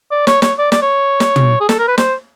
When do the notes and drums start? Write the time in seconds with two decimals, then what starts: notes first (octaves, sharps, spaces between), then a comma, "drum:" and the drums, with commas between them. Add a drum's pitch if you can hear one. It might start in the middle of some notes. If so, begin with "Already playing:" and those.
0.11 D5
0.27 C#5, drum: snare
0.42 C#5, drum: snare
0.59 D5
0.72 D5, drum: snare
0.82 C#5
1.20 drum: snare
1.36 drum: tom
1.60 G#4
1.69 A4, drum: snare
1.79 A#4
1.88 B4
1.98 C5, drum: snare